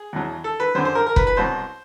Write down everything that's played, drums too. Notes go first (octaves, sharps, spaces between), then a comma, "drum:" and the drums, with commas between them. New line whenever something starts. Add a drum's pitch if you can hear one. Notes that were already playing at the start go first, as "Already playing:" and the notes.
Already playing: G#4
E2 B2 F#3
A4
B4
F#2 D3 F#3 C5
C5
A#4
A#4
B4, drum: kick
B4
C2 B2 F#3 C5